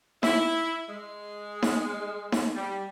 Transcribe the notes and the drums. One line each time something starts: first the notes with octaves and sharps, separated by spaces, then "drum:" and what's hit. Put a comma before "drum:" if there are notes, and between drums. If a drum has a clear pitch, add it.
E4, drum: snare D#4
G#3
drum: snare D#4
drum: snare D#4
G3